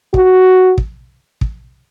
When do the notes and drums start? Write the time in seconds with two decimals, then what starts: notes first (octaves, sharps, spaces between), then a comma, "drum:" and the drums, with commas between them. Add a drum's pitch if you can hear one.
0.14 F#4, drum: kick
0.78 drum: kick
1.41 drum: kick